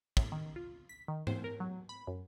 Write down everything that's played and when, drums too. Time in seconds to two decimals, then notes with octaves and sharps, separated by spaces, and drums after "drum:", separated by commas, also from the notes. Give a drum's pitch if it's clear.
0.17 A2, drum: kick
0.32 D#3
0.56 F4
0.89 B6
1.08 D#3
1.27 C5, drum: tom G#2
1.44 A#4
1.60 F#3
1.89 B5
2.07 F#2